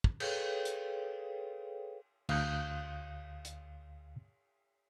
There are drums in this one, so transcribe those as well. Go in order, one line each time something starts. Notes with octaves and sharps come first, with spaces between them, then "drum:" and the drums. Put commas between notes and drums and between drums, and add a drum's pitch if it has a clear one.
drum: kick
G#4 A4 B4 C#5 F5 G5, drum: cymbal
drum: hi-hat
D2 F5 D#6 F#6 G6, drum: cymbal
drum: hi-hat